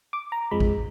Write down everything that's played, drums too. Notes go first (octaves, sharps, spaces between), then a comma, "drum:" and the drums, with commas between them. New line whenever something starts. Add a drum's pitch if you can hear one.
D6
A#5
F2 F3 G#3 B5
drum: kick A1